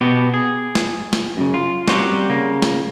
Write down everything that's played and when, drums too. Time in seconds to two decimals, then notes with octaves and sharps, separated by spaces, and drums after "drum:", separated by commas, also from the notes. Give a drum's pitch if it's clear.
0.01 B2 B3 F#4 G4
0.34 G#4
0.75 drum: snare
1.13 drum: snare
1.37 F#2 C#3
1.54 F4
1.88 G3 A#3 C4 C#4 F#4 G4, drum: snare
2.30 C#3 A#3
2.62 drum: snare